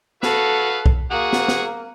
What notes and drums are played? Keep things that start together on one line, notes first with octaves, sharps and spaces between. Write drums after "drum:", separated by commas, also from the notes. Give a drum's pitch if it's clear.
F#4 A4 B4 F5, drum: snare
drum: kick
A#3 F#4 G#4 F#5
drum: snare
drum: snare